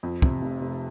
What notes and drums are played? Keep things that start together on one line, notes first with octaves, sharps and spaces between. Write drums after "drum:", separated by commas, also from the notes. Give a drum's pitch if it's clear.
F2
C3, drum: kick
F1
F1